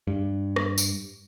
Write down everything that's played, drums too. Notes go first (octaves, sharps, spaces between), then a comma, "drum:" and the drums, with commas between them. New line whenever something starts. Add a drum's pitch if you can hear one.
G2
drum: rim click
drum: tambourine